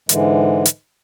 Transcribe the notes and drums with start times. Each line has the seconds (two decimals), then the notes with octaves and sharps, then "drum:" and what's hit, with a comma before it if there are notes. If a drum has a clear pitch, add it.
0.09 G#2 D3 E3 G#3, drum: hi-hat
0.65 drum: hi-hat